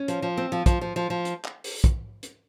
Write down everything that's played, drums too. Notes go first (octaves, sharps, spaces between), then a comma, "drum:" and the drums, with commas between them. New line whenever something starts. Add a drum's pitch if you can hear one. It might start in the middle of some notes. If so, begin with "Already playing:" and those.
Already playing: C#4
F3, drum: hi-hat
F3
C4
F3
F3, drum: kick, hi-hat
F3
F3
F3
drum: hi-hat
drum: clap
drum: open hi-hat
drum: kick, hi-hat
drum: hi-hat